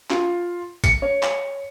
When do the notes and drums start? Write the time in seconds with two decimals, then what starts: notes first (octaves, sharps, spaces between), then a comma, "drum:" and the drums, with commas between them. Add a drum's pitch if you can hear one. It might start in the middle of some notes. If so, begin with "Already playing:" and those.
0.10 F4, drum: clap
0.84 C#7, drum: kick, hi-hat
1.02 C#5
1.23 drum: clap